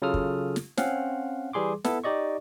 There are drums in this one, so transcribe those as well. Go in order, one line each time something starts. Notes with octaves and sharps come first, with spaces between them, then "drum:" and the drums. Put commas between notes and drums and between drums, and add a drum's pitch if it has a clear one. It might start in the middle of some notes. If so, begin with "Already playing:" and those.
C#3 F#3 F4 A4 D#6 F6
drum: kick
drum: snare
C4 C#4 F5 F#5, drum: snare
E3 G3 G#4 C6 D6
B3 E4 A4, drum: snare
D#4 G4 D5 D#5 C#6